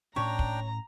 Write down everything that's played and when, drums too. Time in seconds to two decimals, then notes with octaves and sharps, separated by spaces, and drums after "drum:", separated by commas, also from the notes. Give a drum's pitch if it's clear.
0.16 A2 C#4 D4 C#5 G5 A#5
0.39 drum: kick